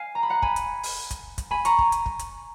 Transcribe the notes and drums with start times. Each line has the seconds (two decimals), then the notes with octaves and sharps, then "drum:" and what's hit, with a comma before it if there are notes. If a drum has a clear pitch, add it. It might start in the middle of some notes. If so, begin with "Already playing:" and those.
Already playing: F5 G#5
0.15 A#5
0.23 B5
0.30 F#5 A#5
0.42 G#5 B5, drum: kick
0.56 drum: hi-hat
0.83 drum: open hi-hat
1.11 drum: kick, hi-hat
1.38 drum: kick, hi-hat
1.51 G#5 B5
1.65 A#5 C#6, drum: hi-hat
1.79 drum: kick
1.92 drum: hi-hat
2.06 drum: kick
2.19 drum: hi-hat